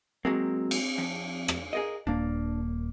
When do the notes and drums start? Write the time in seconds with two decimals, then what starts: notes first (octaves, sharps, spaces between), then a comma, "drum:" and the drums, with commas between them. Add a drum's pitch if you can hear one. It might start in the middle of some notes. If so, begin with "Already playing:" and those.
0.25 F#3 G#3 A#3 C4
0.71 drum: cymbal
0.98 F2
1.48 drum: rim click
1.73 G#4 A#4 D#5
2.07 D#1 A#3 D4